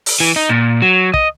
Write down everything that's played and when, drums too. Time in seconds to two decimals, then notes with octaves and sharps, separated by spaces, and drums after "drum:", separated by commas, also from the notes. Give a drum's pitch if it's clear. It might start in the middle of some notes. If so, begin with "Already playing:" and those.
0.06 drum: open hi-hat
0.20 E3
0.36 D#4
0.49 A#2
0.82 F#3
1.14 D#5, drum: kick